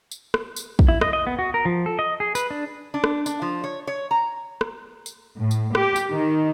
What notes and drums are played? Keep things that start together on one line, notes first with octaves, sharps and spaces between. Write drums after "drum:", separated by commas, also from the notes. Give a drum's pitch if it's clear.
drum: tambourine
drum: rim click
drum: tambourine
drum: kick
E4
D#5, drum: rim click
D#5
B3
F#4
A#4
F3
A4
D#5
G#4
B4, drum: tambourine
D4
D4
drum: rim click
D4, drum: tambourine
F3
C#5
C#5
A#5
drum: rim click
drum: tambourine
A2
drum: tambourine
G4, drum: rim click
drum: tambourine
D#3